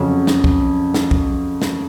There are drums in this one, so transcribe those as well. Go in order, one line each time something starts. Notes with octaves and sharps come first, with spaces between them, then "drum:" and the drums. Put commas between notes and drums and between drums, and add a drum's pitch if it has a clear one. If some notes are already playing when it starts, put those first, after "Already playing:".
Already playing: F2 C#3 F#3 C#4
drum: snare
drum: kick
drum: snare
drum: kick
drum: snare